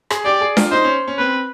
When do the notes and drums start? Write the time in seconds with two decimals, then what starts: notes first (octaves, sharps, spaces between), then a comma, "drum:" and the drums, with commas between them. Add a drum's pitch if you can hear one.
0.10 G#4, drum: rim click
0.25 G4 D5
0.41 G#4
0.57 F4, drum: snare D4
0.72 D#4 C5
0.84 C#4
1.08 C#4
1.19 C4 B4